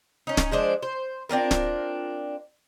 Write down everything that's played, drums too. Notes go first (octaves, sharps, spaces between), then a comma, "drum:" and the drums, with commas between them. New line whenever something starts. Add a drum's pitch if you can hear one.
C#4 D#4
drum: snare
F3 G#3 D4 C5
C5
C4 D4 F4 A#4
drum: snare